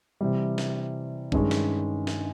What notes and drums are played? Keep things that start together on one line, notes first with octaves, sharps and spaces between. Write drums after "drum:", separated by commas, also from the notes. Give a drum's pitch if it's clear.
C3 E3 G3
drum: snare
G2 D#3 G#3 C#4, drum: kick A#1
drum: snare
drum: snare